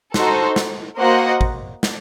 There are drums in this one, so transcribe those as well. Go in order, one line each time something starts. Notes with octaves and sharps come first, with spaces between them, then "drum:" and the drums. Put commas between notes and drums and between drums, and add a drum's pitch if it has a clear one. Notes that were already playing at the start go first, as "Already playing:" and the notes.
D#4 F#4 A4 C5, drum: snare
drum: snare
A#3 F#4 C5 D#5 F#5
drum: kick
drum: snare